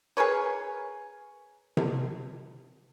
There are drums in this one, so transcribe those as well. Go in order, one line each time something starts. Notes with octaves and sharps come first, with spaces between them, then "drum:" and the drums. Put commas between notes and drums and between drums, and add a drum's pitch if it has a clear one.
G#4 A#4 B4 C#5
drum: tom C3